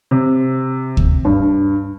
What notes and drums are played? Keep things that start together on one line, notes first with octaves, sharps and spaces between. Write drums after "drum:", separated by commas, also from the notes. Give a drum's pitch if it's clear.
C3
drum: kick
G2